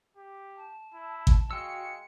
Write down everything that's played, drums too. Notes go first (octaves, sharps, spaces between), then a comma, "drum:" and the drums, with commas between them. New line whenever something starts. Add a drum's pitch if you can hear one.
G4
A5
E4
drum: kick G#1
G#3 F#4 F5 G5 E6 C#7